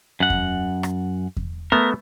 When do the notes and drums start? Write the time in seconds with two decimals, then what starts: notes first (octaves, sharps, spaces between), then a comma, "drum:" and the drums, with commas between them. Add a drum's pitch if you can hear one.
0.20 F#2 F#5
0.30 drum: kick E2
0.83 drum: rim click
1.37 drum: kick E2
1.72 A3 B3 A#4 E5